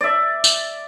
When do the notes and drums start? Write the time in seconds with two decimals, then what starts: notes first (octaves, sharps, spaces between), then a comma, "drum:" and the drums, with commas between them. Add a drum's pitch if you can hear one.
0.01 D5 E5
0.44 drum: tambourine